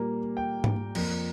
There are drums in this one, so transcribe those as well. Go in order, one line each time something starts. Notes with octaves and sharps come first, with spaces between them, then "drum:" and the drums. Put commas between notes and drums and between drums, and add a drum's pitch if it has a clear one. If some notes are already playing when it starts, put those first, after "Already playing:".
Already playing: A#2 G3 A#3
G5
drum: tom G#2
F2 F3 A#3, drum: cymbal